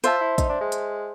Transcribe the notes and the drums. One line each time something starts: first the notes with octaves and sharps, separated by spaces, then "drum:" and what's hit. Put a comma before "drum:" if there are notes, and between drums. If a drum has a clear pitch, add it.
F4 C5 E5 A5, drum: hi-hat
E4
D#4, drum: kick, hi-hat
D4
G#3
drum: hi-hat